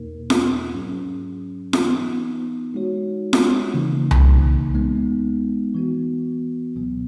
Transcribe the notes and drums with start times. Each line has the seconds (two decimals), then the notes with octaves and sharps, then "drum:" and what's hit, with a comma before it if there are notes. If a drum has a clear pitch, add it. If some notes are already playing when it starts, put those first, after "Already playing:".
Already playing: E2 B2 A#3 D#4 A#4
0.30 drum: snare F4
0.73 G#2 F#3 C#4 G#4
1.73 E3 B3 D#4, drum: snare F4
2.74 G#3 D#4 F#4 C#5
3.33 drum: snare F4
3.74 C#3 E3 A#3 D#4
4.11 drum: tom C2
4.75 G#3 B3 D#4
5.74 E3 B3 F#4
6.75 C#2 B2 F#3 B3